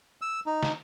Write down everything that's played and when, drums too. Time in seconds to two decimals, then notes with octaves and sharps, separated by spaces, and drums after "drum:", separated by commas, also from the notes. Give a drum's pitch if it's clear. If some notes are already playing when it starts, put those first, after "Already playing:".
0.22 E6
0.46 D#4
0.63 drum: snare